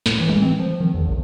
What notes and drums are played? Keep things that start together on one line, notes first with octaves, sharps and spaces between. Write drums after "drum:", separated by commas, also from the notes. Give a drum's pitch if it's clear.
A2, drum: snare
E3
drum: tom G3
C4
F3
D#3
E2
B1